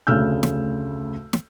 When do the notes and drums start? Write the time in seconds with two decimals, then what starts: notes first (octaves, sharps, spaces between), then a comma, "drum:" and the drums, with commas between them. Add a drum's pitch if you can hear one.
0.07 F1 D2 C#3 E6 F6 G6
0.43 drum: snare
1.33 drum: snare